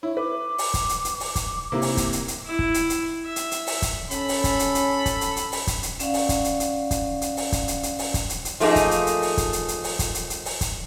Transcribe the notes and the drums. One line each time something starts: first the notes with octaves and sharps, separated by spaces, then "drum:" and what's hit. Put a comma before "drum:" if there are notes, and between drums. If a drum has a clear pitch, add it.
E4 C#5
B4 D6
drum: open hi-hat
drum: kick, hi-hat
drum: hi-hat
drum: hi-hat
drum: open hi-hat
drum: kick, hi-hat
C3 A#3 E4
drum: open hi-hat
drum: kick, hi-hat
drum: hi-hat
drum: hi-hat
E4
drum: kick
drum: hi-hat
drum: hi-hat
E5
drum: hi-hat
drum: hi-hat
drum: open hi-hat
drum: kick, hi-hat
C#4 A4 B5, drum: hi-hat
drum: open hi-hat
drum: kick, hi-hat
drum: hi-hat
drum: hi-hat
drum: kick, hi-hat
drum: hi-hat
drum: hi-hat
drum: open hi-hat
drum: kick, hi-hat
drum: hi-hat
C#4 D5 F5 F#5, drum: hi-hat
drum: open hi-hat
drum: kick, hi-hat
drum: hi-hat
drum: hi-hat
drum: kick, hi-hat
drum: hi-hat
drum: open hi-hat
drum: kick, hi-hat
drum: hi-hat
drum: hi-hat
drum: open hi-hat
drum: kick, hi-hat
drum: hi-hat
drum: hi-hat
F3 A3 A#3 D#4 G#4, drum: open hi-hat
drum: kick, hi-hat
drum: hi-hat
drum: hi-hat
drum: open hi-hat
drum: kick, hi-hat
drum: hi-hat
drum: hi-hat
drum: open hi-hat
drum: kick, hi-hat
drum: hi-hat
drum: hi-hat
drum: open hi-hat
drum: kick, hi-hat